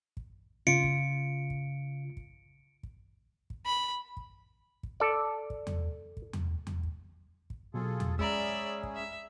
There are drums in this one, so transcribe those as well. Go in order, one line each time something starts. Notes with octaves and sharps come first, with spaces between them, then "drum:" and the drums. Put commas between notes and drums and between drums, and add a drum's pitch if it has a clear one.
drum: kick
C#3 F4 C#7 D7
drum: kick
drum: kick
drum: kick
drum: kick
drum: kick
B5
drum: kick
drum: kick
A4 D5
drum: kick
drum: tom E2
drum: kick
drum: tom E2
drum: tom E2
drum: kick
drum: kick
B2 F#3 F4 G#4 A4
drum: tom E2
G#3 C#4 G#4 D5 E5 A#5 B5 E6, drum: kick
drum: kick
E5